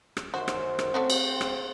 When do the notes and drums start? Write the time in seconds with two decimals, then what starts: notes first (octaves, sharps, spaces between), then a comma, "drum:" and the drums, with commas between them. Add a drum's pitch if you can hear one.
0.17 drum: rim click
0.34 F#2 D#3 F#4 C5
0.48 drum: rim click
0.79 drum: rim click
0.94 A3 C4 C#4 F#4
1.10 drum: cymbal
1.41 drum: rim click